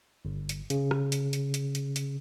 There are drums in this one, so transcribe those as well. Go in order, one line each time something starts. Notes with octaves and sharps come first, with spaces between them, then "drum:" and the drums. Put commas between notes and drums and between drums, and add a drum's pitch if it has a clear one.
G1
drum: hi-hat
C#3, drum: hi-hat
drum: rim click
drum: hi-hat
drum: hi-hat
drum: hi-hat
drum: hi-hat
drum: hi-hat